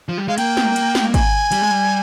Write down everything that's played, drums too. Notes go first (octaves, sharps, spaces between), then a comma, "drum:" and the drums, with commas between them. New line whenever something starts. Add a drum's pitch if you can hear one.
F3
G3
G#3 F5
A#3 G5, drum: cymbal
drum: snare
drum: cymbal
drum: snare
G#5, drum: kick, cymbal
G3, drum: cymbal
G#3
G3